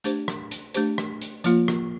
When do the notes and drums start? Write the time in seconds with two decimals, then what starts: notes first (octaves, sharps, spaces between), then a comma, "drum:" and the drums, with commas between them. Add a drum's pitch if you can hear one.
0.04 A3 D4 G4 C5, drum: hi-hat
0.28 drum: rim click
0.51 drum: hi-hat
0.74 A3 D4 G4 C5, drum: hi-hat
0.98 drum: rim click
1.21 drum: hi-hat
1.44 F3 A#3 F4, drum: hi-hat
1.68 drum: rim click